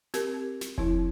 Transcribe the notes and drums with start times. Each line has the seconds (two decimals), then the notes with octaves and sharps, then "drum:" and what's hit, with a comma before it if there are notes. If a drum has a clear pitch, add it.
0.14 C4 G4 A#4, drum: snare
0.61 drum: snare
0.78 F3 C4 E4, drum: kick F1